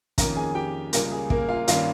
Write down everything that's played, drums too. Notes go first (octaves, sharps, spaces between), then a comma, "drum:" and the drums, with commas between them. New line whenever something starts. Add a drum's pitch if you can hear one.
F2 D#3 A#3 C#4 A#4 A#5, drum: kick, hi-hat
G#4 G#5
G4 G5
C#2 C#3 G3 A#3 A#4, drum: hi-hat
G#4
A#3 A#4, drum: kick
F4 F5
G2 D#3 A#3 C#4 F4 F5, drum: hi-hat